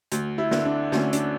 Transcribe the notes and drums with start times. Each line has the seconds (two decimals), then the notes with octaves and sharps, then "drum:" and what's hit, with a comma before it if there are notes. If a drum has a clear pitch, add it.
0.12 D2, drum: hi-hat
0.38 E4
0.51 D3, drum: snare
0.65 D4
0.92 D2 C#4, drum: snare
1.13 D4, drum: hi-hat